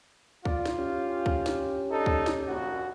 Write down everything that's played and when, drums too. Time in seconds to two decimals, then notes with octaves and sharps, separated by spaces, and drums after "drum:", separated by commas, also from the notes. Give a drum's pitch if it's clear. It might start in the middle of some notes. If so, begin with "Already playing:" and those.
0.45 F4 D5, drum: kick C#2
0.66 drum: snare
0.78 C#4 G4
1.26 drum: kick C#2
1.46 drum: snare
1.91 D4 D#4 A4
2.06 drum: kick C#2
2.26 drum: snare
2.47 A#1 D#2 F#4